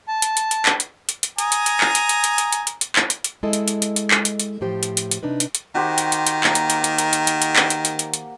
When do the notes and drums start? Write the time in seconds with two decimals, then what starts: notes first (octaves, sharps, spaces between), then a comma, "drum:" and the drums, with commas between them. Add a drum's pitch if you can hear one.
0.08 A5
0.22 drum: hi-hat
0.37 drum: hi-hat
0.51 drum: hi-hat
0.66 drum: clap
0.80 drum: hi-hat
1.09 drum: hi-hat
1.23 drum: hi-hat
1.38 G#5 A#5 D#6, drum: hi-hat
1.52 drum: hi-hat
1.66 drum: hi-hat
1.81 drum: clap
1.95 drum: hi-hat
2.09 drum: hi-hat
2.24 drum: hi-hat
2.38 drum: hi-hat
2.53 drum: hi-hat
2.67 drum: hi-hat
2.81 drum: hi-hat
2.96 drum: clap
3.10 drum: hi-hat
3.24 drum: hi-hat
3.43 G#3 E4 A4 D#5
3.53 drum: hi-hat
3.68 drum: hi-hat
3.82 drum: hi-hat
3.96 drum: hi-hat
4.11 drum: clap
4.25 drum: hi-hat
4.40 drum: hi-hat
4.61 A2 F3 G4 C5
4.83 drum: hi-hat
4.97 drum: hi-hat
5.11 drum: hi-hat
5.23 C3 D4 D#4 B4
5.40 drum: hi-hat
5.55 drum: hi-hat
5.75 D#3 F#4 G4 C5
5.98 drum: hi-hat
6.12 drum: hi-hat
6.27 drum: hi-hat
6.44 A#3 D6, drum: clap
6.55 drum: hi-hat
6.70 drum: hi-hat
6.84 drum: hi-hat
6.98 drum: hi-hat
7.13 drum: hi-hat
7.27 drum: hi-hat
7.42 drum: hi-hat
7.56 drum: clap
7.70 drum: hi-hat
7.85 drum: hi-hat
7.99 drum: hi-hat
8.14 drum: hi-hat